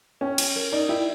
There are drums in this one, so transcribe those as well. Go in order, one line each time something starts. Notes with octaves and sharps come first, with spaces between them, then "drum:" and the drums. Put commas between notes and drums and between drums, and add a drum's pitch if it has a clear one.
C#4 G4
G4, drum: cymbal
A#4
D#4 D5
E4 G4